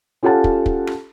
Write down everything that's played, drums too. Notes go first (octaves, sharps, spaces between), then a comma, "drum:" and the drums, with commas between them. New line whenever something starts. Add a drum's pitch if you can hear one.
C#4 F4 G4 A4 F#5 A5
drum: kick
drum: kick
drum: rim click